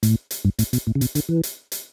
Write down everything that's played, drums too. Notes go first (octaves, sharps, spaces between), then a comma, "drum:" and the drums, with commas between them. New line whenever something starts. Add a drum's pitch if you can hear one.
A2, drum: hi-hat
drum: hi-hat
G2
A2, drum: hi-hat
B2, drum: hi-hat
A2
C#3
B2, drum: hi-hat
D3, drum: hi-hat
E3
drum: hi-hat
drum: hi-hat